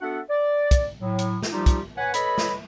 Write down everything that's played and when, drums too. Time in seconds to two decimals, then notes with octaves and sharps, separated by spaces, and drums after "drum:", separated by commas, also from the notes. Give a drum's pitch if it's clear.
0.01 B3 D4 F#4 A4 E5 F#5
0.30 D5
0.71 drum: kick, hi-hat
1.01 A2 F#3
1.19 drum: hi-hat
1.43 drum: snare
1.52 F3 G3 D#4 F4 G4
1.66 drum: kick, hi-hat
1.98 B4 C#5 F#5 G#5
2.14 A4 B4 C#5 D#5 B5, drum: hi-hat
2.38 drum: snare